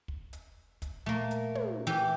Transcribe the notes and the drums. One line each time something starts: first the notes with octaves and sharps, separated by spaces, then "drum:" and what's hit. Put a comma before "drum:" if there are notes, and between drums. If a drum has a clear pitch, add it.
drum: kick
drum: hi-hat
drum: kick, hi-hat
A#2 A3 A#3
drum: hi-hat
drum: tom
E3 G4